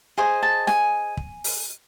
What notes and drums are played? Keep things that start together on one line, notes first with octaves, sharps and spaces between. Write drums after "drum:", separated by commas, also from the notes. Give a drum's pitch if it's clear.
G#4 C5 D#5 G#5
A5
G#5, drum: snare
drum: kick
drum: open hi-hat